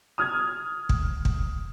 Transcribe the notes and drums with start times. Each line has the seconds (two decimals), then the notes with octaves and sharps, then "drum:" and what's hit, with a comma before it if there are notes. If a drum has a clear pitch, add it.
0.18 D#6 F6 G#6
0.89 drum: kick
1.25 drum: kick